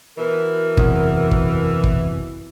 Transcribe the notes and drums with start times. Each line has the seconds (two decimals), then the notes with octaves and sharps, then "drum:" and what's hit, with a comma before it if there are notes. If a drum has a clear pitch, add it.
0.17 B2 E3 A#4
0.77 F#1 E2 C3, drum: kick
1.31 drum: kick
1.84 drum: kick